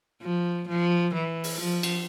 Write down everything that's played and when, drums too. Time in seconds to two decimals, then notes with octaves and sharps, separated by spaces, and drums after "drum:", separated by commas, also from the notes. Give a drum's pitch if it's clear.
0.22 F3
0.68 F3
1.14 E3
1.44 drum: open hi-hat
1.60 F3
1.83 drum: cymbal